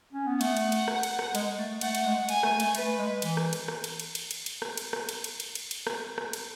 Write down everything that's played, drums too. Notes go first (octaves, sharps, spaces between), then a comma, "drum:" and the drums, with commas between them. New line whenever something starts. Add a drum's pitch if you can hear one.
C#4
B3
A3 F#5, drum: cymbal
drum: cymbal
drum: cymbal
drum: rim click
drum: cymbal
drum: rim click
G#3, drum: cymbal
A3
A3 F#5, drum: cymbal
A3, drum: cymbal
G#3
G#5, drum: cymbal
A3, drum: rim click
A3, drum: cymbal
A3 B4, drum: cymbal
G#3
E3, drum: cymbal
drum: rim click
drum: cymbal
drum: rim click
drum: cymbal
drum: cymbal
drum: cymbal
drum: cymbal
drum: cymbal
drum: rim click
drum: cymbal
drum: rim click
drum: cymbal
drum: cymbal
drum: cymbal
drum: cymbal
drum: cymbal
drum: rim click
drum: rim click
drum: cymbal